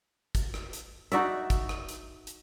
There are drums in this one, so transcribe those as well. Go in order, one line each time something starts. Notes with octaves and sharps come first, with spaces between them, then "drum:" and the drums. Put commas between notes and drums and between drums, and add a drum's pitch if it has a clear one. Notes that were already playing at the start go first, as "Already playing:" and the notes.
drum: kick, hi-hat
drum: rim click
drum: hi-hat
D#4 F#4 D5 E5, drum: hi-hat
drum: kick, hi-hat
drum: rim click
drum: hi-hat
drum: hi-hat